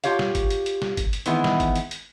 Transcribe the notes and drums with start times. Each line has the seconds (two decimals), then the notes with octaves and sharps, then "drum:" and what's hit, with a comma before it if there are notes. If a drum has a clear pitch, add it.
0.04 F4 G4 C#5 F5, drum: hi-hat
0.19 drum: snare
0.35 drum: kick, hi-hat
0.50 drum: hi-hat
0.66 drum: hi-hat
0.82 drum: snare
0.97 drum: kick, hi-hat
1.13 drum: hi-hat
1.26 D#3 E3 G#3 B3 C4 E4, drum: hi-hat
1.44 drum: snare
1.60 drum: kick, hi-hat
1.76 drum: hi-hat
1.91 drum: hi-hat